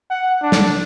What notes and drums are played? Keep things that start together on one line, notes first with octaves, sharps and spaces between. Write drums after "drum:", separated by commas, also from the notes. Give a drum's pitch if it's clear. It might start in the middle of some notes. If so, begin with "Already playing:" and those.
F#5
D4
drum: snare